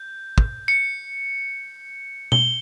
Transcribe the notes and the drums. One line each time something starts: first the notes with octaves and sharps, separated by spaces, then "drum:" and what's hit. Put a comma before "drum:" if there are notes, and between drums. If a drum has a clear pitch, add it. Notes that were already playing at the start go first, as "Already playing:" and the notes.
Already playing: G6
drum: kick
C#7
G7, drum: tom B2